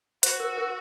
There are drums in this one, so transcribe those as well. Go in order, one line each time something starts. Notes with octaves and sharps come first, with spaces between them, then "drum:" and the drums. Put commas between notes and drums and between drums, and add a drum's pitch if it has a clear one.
F#4 C5, drum: hi-hat
A#4
A#4